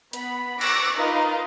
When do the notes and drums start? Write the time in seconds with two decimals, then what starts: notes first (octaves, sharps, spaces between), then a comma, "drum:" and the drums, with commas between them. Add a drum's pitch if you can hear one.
0.13 B3 B5, drum: hi-hat
0.61 C#6 D6 E6 F#6 A#6 D7, drum: cymbal
0.98 D#4 F4 A#4 B4 D#5 F5